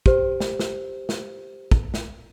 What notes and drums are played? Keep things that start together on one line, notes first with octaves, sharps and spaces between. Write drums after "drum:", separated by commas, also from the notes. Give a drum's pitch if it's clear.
G4 C5, drum: kick
drum: snare
drum: snare
drum: snare
drum: kick
drum: snare